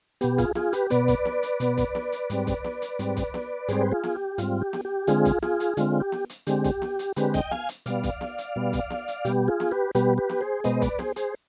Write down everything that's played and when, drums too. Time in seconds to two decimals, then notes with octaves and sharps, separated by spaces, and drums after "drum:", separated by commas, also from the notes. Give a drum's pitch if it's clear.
0.21 B2 B3 G4, drum: hi-hat
0.38 F4 G#4, drum: kick C2, hi-hat
0.55 F4 G#4, drum: snare B3
0.73 G4 B4, drum: hi-hat
0.90 B2 B3 B4 D5, drum: hi-hat
1.08 drum: kick C2, hi-hat
1.25 drum: snare B3
1.43 drum: hi-hat
1.60 B2 B3, drum: hi-hat
1.77 drum: kick C2, hi-hat
1.95 drum: snare B3
2.12 drum: hi-hat
2.30 G#2 G3 C4, drum: hi-hat
2.47 drum: kick C2, hi-hat
2.64 drum: snare B3
2.82 drum: hi-hat
2.99 G#2 G3 C4, drum: hi-hat
3.17 drum: kick C2, hi-hat
3.34 drum: snare B3
3.68 G#2 G3 C4 G#4 C5, drum: hi-hat
3.81 B4
3.92 F4 G#4
4.03 drum: snare B3
4.15 G4
4.38 G#2 G3 C4 F4, drum: hi-hat
4.62 G4
4.73 drum: snare B3
4.85 G4
5.07 D3 G#3 C4 F4 G#4, drum: hi-hat
5.25 drum: kick C2, hi-hat
5.42 F4 G#4, drum: snare B3
5.60 drum: hi-hat
5.77 D3 G#3 C4 F4, drum: hi-hat
6.00 G4
6.12 drum: snare B3
6.30 drum: hi-hat
6.47 D3 G#3 C4 G4, drum: hi-hat
6.64 drum: kick C2, hi-hat
6.82 drum: snare B3
6.99 drum: hi-hat
7.16 D3 G#3 C4 G4 B4, drum: hi-hat
7.34 D#5 G5, drum: kick C2, hi-hat
7.51 F5 G#5, drum: snare B3
7.69 drum: hi-hat
7.86 B2 G3 B3 D5 F5, drum: hi-hat
8.03 drum: kick C2, hi-hat
8.21 drum: snare B3
8.38 drum: hi-hat
8.56 B2 G3 B3
8.73 drum: kick C2, hi-hat
8.90 drum: snare B3
9.08 drum: hi-hat
9.25 B2 G3 B3 G4, drum: hi-hat
9.48 F4 G#4
9.60 drum: snare B3
9.71 G4 B4
9.95 B2 G3 B3 G4 B4, drum: hi-hat
10.18 G4 B4
10.29 drum: snare B3
10.41 G#4 C5
10.64 B2 G#3 B3 C5 D#5, drum: hi-hat
10.82 B4 D5, drum: kick C2, hi-hat
10.99 G#4 C5, drum: snare B3
11.16 G#4 C5, drum: hi-hat